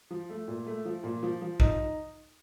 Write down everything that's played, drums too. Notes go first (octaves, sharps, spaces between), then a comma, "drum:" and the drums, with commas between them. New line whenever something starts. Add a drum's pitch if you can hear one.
F3
A3
A#2
A3
F3
A#2
F3
F3
D#4, drum: kick